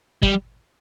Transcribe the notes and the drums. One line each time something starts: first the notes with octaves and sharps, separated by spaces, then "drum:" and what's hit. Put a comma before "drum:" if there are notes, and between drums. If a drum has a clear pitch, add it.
G3, drum: kick